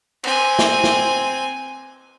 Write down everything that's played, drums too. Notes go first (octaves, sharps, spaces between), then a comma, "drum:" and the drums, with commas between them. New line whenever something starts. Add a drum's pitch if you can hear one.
C4 G#5, drum: cymbal
drum: snare
drum: snare